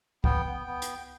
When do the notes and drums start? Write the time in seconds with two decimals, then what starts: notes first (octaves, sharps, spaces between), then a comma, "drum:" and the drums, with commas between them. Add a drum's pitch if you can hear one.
0.24 B3 G5, drum: kick
0.46 B3
0.67 B3
0.82 drum: hi-hat